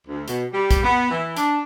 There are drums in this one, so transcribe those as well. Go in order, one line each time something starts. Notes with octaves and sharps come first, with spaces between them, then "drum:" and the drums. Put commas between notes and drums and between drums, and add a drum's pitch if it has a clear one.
D2
B2, drum: hi-hat
G3
drum: kick A#1, hi-hat
B3
E3
D4, drum: hi-hat